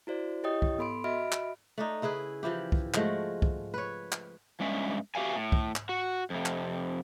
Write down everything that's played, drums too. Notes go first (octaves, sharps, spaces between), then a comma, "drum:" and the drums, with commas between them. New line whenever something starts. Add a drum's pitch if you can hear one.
E4 F#4 C5 D5
E4 G4 C#5 D#5 G5 D#6
drum: kick
B3 A4 B5 C6 D7
F#4 D#5 E5 B5 F6 D7
drum: clap
A3 D4 D#4
C#3 E4 G#4 B4
E3 F3 E4 G4
drum: kick
F3 G#3 A3 F#4, drum: clap
drum: kick
B4 C#5
drum: clap
G2 G#3 C#4 E5
F#4 G4 E5 F5 G#5
A2
drum: kick
drum: clap
F#4
F2 C3
drum: clap